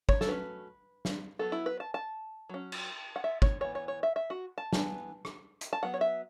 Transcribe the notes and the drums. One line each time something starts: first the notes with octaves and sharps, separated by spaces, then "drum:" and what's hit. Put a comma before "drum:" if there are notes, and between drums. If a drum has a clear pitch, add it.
C#5, drum: kick
A4, drum: snare
F#3 A3 C#4 B4
drum: snare
F#3 B3 A4
E4
B4
A5
A5
F#3 C#4
drum: cymbal
F#5
E5
C#5, drum: kick
E3 B3 C#5
C#5
C#5
E5
E5
F#4
A5
E3 B3, drum: snare
drum: rim click
drum: hi-hat
A5
F#3 B3 F#5
C#5
E5